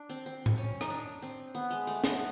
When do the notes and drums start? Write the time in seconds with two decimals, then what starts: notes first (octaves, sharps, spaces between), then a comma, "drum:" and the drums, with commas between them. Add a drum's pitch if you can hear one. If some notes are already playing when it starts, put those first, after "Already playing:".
Already playing: D4
0.09 C4
0.26 C4
0.46 drum: tom
0.58 C#4
0.81 D#4, drum: rim click
0.90 D4
1.22 C4
1.55 B3
1.71 G#3
1.87 A3
2.04 B3, drum: snare